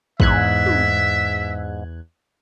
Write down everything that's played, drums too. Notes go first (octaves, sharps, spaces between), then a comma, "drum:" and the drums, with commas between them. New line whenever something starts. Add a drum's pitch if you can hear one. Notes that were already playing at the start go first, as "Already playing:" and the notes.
E2 G#2 E5 F#6 G#6, drum: kick
drum: tom